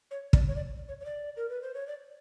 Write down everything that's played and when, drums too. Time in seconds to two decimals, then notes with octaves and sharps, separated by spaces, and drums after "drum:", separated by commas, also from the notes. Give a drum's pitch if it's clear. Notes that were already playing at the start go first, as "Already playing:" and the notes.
0.11 C#5
0.33 D5, drum: kick
0.48 C#5
0.56 D5
0.89 C#5
1.01 C#5
1.05 D5
1.37 A#4
1.49 B4
1.62 C5
1.74 C#5
1.87 D5